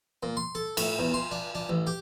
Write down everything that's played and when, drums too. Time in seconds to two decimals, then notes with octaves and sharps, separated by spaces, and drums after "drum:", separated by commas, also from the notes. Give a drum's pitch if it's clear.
0.23 A#2
0.37 C6
0.55 A4
0.77 A2, drum: cymbal
0.99 E2
1.14 C6
1.31 D4
1.55 D4
1.69 A1
1.87 G4